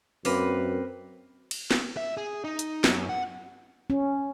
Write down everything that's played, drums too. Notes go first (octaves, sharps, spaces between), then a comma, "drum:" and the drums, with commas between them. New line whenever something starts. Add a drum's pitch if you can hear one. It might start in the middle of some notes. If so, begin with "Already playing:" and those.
F#2 A#3 C4 B4, drum: open hi-hat
drum: cymbal
drum: snare
E5
G#4
D#4
drum: hi-hat
F#2, drum: snare
F#5
C#4